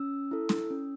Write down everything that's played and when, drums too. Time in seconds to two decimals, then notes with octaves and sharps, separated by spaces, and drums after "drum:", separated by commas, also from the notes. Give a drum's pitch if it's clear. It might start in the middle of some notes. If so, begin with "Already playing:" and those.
Already playing: C#4 E6
0.31 E4 A4
0.49 drum: snare
0.70 C#4